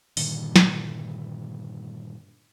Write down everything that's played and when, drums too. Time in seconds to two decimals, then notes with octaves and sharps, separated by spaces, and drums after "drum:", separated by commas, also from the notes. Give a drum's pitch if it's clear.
0.17 G2 A#2 D3 D#3, drum: open hi-hat
0.56 drum: snare